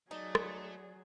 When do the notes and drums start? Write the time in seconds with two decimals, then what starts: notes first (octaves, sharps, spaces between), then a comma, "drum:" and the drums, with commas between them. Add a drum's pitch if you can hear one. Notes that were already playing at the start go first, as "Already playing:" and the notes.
0.11 F#3 A3 D#4 G#4 D5
0.35 drum: rim click